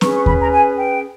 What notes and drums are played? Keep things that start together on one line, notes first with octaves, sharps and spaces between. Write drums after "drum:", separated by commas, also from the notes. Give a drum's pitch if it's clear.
C#4 G#4 B4 C#6, drum: snare C4
C#6
B5, drum: kick D#2
A#5
G#5
G5